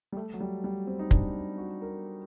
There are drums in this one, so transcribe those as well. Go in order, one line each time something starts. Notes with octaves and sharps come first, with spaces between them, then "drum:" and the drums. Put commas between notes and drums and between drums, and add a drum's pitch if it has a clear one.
G3
A3
F#3
G3
G3
C4
D#4
D4, drum: kick
F#4
A#4